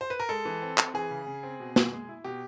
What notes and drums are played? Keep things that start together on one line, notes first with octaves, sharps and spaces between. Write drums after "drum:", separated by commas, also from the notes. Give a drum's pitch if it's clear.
C5
B4
A#4
G#3 A4
E3
C4
C4, drum: clap
E3 G#4
C#3
C#3
C4
B2
B2, drum: snare
G#3
E4
B2 G4